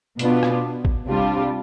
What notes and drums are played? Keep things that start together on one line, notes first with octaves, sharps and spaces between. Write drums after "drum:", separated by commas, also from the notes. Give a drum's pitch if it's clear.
B2 B3 D4 F4, drum: hi-hat
drum: rim click
drum: kick G#1
C3 G3 D4 F4